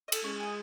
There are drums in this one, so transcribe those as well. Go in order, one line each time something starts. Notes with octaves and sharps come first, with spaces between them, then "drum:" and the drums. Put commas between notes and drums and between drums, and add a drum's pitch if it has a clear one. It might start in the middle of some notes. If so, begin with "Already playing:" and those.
D#5
A4, drum: cymbal
G#3 C#4
G#4 D#5